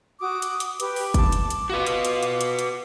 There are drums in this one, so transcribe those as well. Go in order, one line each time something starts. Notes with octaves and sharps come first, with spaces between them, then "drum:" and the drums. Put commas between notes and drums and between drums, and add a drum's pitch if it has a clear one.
F#4 D6 D#6
drum: hi-hat
drum: hi-hat
G4 B4 D6, drum: hi-hat
drum: open hi-hat
A5, drum: kick, hi-hat
drum: hi-hat
drum: hi-hat
F4 F#4 B4
drum: hi-hat
drum: hi-hat
drum: hi-hat
drum: hi-hat
drum: hi-hat